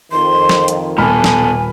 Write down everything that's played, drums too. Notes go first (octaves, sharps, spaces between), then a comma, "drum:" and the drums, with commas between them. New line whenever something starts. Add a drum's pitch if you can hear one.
F2 D#3 C6
drum: snare
drum: hi-hat
D#1 B2 A4 G#5 B5 F6
drum: snare